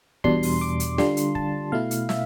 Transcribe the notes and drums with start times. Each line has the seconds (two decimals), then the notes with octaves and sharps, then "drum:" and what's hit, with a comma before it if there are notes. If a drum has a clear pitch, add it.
0.24 E2 B2 G3 D4 C6, drum: kick
0.43 drum: open hi-hat
0.61 D6
0.80 drum: hi-hat
0.98 D3 G3 D4 F4 C6, drum: snare
1.17 drum: hi-hat
1.35 A5, drum: kick
1.72 B2 A3 E4 F5
1.91 drum: hi-hat
2.09 E5, drum: snare